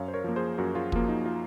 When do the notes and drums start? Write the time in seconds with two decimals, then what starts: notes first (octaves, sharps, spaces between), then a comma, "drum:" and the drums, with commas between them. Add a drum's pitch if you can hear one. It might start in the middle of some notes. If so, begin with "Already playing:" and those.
Already playing: F#2 C#5 F5
0.08 C5
0.14 A#4 C#5
0.24 F3 A#3
0.36 G#4 C5
0.58 F#2 F#4 A#4
0.75 F4 G#4
0.92 F3 A#3 F4, drum: kick
1.08 D#4
1.26 F4